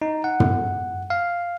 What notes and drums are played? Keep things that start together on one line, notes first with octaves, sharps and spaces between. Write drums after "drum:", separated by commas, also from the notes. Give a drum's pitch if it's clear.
D#4
F#5
drum: tom
F5